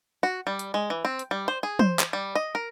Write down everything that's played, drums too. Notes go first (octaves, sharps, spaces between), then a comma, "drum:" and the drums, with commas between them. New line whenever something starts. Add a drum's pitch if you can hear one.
F#4
G3
drum: hi-hat
G#3
E3
C4
drum: hi-hat
G3
C5
G#4
C5, drum: tom
drum: clap
G3
D#5
A#4